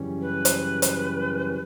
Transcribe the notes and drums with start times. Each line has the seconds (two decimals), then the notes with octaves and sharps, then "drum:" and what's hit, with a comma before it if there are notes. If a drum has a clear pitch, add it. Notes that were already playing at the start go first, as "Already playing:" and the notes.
Already playing: F#2 C#3 E3 G3 C#4
0.21 B4
0.45 drum: hi-hat
0.82 drum: hi-hat